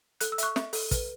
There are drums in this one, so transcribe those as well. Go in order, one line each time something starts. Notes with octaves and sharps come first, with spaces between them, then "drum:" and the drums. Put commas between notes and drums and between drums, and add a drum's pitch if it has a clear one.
A4 F#6, drum: hi-hat
E6
E5 C#6 F#6, drum: hi-hat
E5, drum: snare
A4, drum: open hi-hat
B4, drum: kick, hi-hat